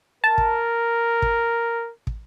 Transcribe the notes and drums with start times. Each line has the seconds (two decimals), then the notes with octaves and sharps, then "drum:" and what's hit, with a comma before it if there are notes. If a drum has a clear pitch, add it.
0.24 A#4 A5
0.38 drum: kick
1.22 drum: kick
2.07 drum: kick